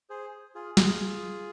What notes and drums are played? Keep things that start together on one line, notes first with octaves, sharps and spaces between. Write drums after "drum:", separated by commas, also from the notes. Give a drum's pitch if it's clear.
G#4 C5
F4 G#4
F4 G#4, drum: snare